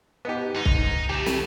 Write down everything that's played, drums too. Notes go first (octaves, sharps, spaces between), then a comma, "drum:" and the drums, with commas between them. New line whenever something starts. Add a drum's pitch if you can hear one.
B3 D#4 G4
G#2 D#4
drum: kick B1
D2 A3 G4
drum: snare